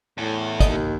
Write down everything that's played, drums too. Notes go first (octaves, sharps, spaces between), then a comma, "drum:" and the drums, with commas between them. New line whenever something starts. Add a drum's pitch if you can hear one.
E2 A2
D#2 D#5, drum: kick, hi-hat